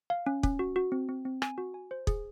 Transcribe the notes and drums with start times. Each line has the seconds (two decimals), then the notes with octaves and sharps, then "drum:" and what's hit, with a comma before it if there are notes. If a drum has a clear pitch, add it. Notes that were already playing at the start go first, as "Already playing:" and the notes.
0.10 F5
0.27 C#4
0.43 C#4, drum: kick
0.59 F#4
0.76 F#4
0.92 C4
1.09 C4
1.25 C4
1.42 G#5, drum: rim click
1.58 F#4
1.74 G#5
1.91 C5
2.07 G#4, drum: kick